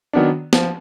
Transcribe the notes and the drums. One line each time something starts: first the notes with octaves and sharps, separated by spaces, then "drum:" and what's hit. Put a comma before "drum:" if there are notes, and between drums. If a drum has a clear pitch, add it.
D#3 F#3 B3 D4
F3, drum: snare